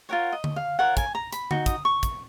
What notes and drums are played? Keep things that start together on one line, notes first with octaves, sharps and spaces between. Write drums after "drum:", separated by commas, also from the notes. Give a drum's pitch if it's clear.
F4 A#4 C#5 F#5
D#5
drum: tom D3
F5
F4 A#4 C#5 F#5
G#5, drum: kick, hi-hat
A#5
B5, drum: hi-hat
D#4 F#4, drum: tom D3
D#6, drum: kick, hi-hat
C#6
drum: kick, hi-hat